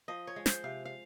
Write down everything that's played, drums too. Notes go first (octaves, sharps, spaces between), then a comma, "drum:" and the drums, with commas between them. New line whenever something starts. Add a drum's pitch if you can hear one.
F3 D#5
C#5
G#3
C5, drum: snare
C3 F5
F5